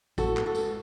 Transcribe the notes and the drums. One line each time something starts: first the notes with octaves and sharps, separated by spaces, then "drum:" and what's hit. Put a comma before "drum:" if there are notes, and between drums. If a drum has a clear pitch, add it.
A2 F#4 A4, drum: kick G#1, tambourine
B3, drum: clap
F#4 A4
G#3, drum: tambourine